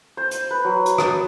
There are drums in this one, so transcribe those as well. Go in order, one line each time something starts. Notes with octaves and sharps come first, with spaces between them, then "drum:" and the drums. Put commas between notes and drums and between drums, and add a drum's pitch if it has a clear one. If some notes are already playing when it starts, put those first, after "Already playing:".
C5
drum: hi-hat
B4
F#3
drum: hi-hat
A5, drum: rim click